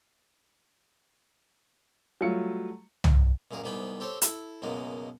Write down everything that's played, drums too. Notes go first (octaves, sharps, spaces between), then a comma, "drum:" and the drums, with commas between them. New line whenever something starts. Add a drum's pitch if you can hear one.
F#3 G3 A3 F4 C#7
drum: tom C2
C#2 F#2 A#2 G#4 A#4
C2 G#2 B3 G4 G#4 B5
C4 G4 A4 C5 C#5
E4 A4, drum: hi-hat
C#2 F#2 B2 G#3 A#3